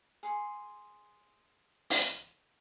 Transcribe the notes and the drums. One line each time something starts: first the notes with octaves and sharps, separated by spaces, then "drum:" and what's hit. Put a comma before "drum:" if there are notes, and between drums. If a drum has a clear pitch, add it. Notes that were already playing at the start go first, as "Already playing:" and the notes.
G#4 C6 C#6
drum: open hi-hat